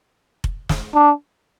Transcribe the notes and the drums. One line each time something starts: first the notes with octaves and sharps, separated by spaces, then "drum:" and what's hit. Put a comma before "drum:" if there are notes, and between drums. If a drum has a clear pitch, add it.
drum: kick F1
drum: snare
D4